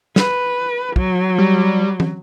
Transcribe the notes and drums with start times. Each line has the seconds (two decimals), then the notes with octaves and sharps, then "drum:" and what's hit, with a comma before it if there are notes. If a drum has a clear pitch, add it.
0.16 B4, drum: snare
0.96 F#3, drum: kick
1.38 G3
2.00 drum: tom